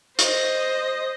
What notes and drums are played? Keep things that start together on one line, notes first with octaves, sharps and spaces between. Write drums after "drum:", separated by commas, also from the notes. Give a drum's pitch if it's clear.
C5 D#5, drum: hi-hat